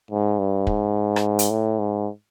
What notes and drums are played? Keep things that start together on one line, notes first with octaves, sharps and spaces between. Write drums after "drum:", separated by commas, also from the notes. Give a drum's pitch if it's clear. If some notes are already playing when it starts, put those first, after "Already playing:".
G#2
G2
G#2, drum: kick
drum: rim click
drum: hi-hat
A2
G#2